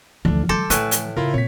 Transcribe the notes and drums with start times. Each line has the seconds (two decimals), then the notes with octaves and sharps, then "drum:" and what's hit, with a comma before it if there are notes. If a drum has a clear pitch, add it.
0.25 D2 D3 E3 F3 A3 D4
0.49 F#3 G#3 A4 C6 D6 G6
0.70 A2 A3 B4 G#5 C#6 E6, drum: hi-hat
0.91 drum: hi-hat
1.17 C#3 E4 F4 A#4
1.34 A#2 C4 C#5 B6